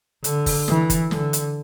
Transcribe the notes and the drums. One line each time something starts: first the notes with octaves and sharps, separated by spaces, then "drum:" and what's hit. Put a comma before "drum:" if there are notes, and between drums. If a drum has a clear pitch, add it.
D3, drum: hi-hat
drum: kick, open hi-hat
E3, drum: snare
drum: kick, hi-hat
D3, drum: snare
drum: hi-hat